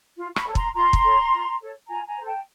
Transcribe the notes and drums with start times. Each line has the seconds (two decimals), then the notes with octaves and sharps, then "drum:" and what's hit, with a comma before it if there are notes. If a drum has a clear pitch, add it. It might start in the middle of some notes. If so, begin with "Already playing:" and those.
0.17 F4
0.36 B5 C#6, drum: rim click
0.46 A4 C#5
0.55 A#5 C6, drum: kick
0.74 F4 A#5 C6
0.93 drum: kick
1.03 A4 C#5
1.31 F4
1.60 A4 C#5
1.87 F4 G#5 A#5
2.07 G#5 A#5
2.16 A4 C5
2.25 G5 A5